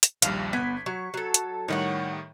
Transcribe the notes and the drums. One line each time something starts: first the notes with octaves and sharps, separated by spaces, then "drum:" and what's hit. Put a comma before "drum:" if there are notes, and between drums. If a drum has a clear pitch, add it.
drum: hi-hat
A#1 D#2 G3 F5, drum: hi-hat
G1 B3 G#6 B6
F#3 C#6
F#3 A4
drum: hi-hat
A2 D#3 G3 C#5 D#5 F#5